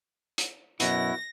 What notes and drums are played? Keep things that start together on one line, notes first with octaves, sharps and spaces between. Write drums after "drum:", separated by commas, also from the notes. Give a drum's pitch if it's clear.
drum: hi-hat
F#2 B2 E4 F#4 A#6, drum: hi-hat